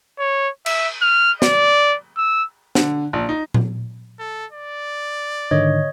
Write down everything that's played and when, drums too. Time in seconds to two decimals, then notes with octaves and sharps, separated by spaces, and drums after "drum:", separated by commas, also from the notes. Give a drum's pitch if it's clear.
0.19 C#5
0.66 E5, drum: cymbal
1.02 F6
1.42 D5, drum: snare
2.17 E6
2.75 D3, drum: snare
3.13 A#1
3.29 D#4
3.54 drum: tom A#2
4.19 A4
4.52 D5
5.51 G#2 D3 D#3 C#5 D#5